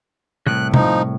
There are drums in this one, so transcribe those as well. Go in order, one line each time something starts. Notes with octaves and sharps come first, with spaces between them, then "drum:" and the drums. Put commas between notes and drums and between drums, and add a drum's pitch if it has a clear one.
C2 A2 C#3 F#6
F3 D#4, drum: tom